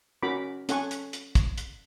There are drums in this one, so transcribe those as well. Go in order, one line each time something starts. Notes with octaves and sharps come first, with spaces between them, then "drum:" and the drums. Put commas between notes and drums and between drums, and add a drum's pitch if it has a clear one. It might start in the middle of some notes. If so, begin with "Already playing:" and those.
C#4 F#4 A#4 B5 D6
C#4 A4 F#5 G#5 C#6, drum: hi-hat
drum: hi-hat
drum: hi-hat
drum: kick, hi-hat
drum: hi-hat